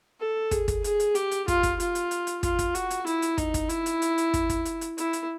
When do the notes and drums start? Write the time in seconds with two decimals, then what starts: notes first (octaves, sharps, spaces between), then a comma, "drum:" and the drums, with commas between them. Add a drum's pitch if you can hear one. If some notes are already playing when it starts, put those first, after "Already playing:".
0.20 A4
0.51 G#4, drum: kick, hi-hat
0.68 drum: kick, hi-hat
0.84 G#4, drum: hi-hat
1.00 drum: hi-hat
1.15 G4, drum: hi-hat
1.31 drum: hi-hat
1.48 F4, drum: kick, hi-hat
1.63 drum: kick, hi-hat
1.80 F4, drum: hi-hat
1.95 drum: hi-hat
2.11 drum: hi-hat
2.27 drum: hi-hat
2.43 F4, drum: kick, hi-hat
2.59 drum: kick, hi-hat
2.75 F#4, drum: hi-hat
2.90 drum: hi-hat
3.07 E4, drum: hi-hat
3.22 drum: hi-hat
3.38 D#4, drum: kick, hi-hat
3.54 drum: kick, hi-hat
3.69 E4, drum: hi-hat
3.86 drum: hi-hat
4.02 drum: hi-hat
4.18 drum: hi-hat
4.34 drum: kick, hi-hat
4.49 drum: kick, hi-hat
4.65 drum: hi-hat
4.81 drum: hi-hat
4.98 E4, drum: hi-hat
5.13 drum: hi-hat